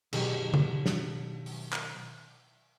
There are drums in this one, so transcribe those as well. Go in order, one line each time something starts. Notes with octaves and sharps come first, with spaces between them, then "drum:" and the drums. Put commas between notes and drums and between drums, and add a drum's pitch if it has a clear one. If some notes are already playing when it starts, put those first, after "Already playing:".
B2 D#3 F#3 G4 G#4, drum: cymbal
drum: tom C#3
drum: snare
drum: open hi-hat
drum: clap